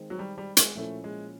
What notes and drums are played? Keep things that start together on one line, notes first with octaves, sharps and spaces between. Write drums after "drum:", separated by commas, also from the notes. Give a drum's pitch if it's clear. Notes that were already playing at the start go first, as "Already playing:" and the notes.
Already playing: D#3 G#3 C4
F#3
G3
G3
G#3, drum: hi-hat
A#2 F3 A3 A#3 C#4 E4
G#3